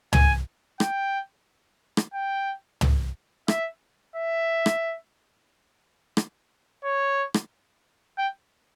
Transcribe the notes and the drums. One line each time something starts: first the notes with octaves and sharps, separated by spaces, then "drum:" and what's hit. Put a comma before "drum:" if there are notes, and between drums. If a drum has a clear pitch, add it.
G#5, drum: tom
G5, drum: rim click
drum: rim click
G5
drum: tom
E5, drum: rim click
E5
drum: rim click
drum: rim click
C#5
drum: rim click
G5